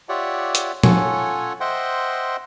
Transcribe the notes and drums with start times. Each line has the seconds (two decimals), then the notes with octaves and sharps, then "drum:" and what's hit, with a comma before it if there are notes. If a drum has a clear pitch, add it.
0.09 F4 G4 C#5 D5 E5 F#5
0.55 drum: hi-hat
0.83 C#4 F4 A4 C#5 F#5 G#5, drum: tom
1.60 C5 D#5 E5 F#5 G5 C6